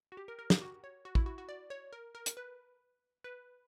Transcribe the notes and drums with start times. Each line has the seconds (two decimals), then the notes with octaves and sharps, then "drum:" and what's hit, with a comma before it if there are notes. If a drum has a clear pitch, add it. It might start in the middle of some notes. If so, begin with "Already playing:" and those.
0.12 F#4
0.17 G4
0.28 A#4
0.39 A#4
0.50 G4, drum: snare
0.62 F#4
0.84 C#5
1.05 F#4
1.15 E4, drum: kick
1.26 F#4
1.38 F#4
1.49 D5
1.70 C#5
1.93 A#4
2.15 A#4
2.26 drum: hi-hat
2.37 B4
3.24 B4